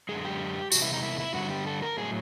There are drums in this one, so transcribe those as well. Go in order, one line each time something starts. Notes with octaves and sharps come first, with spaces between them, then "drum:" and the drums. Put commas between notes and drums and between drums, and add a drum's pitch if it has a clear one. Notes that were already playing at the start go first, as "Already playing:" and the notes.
F#2 D3 F3 G#3 G#4
G4
E2 C3 G#3 F#4, drum: tambourine
E4
D#4
E4
E4
G2 D3 G3 F#4
G4
A4
A#4
A2 F#3 G#4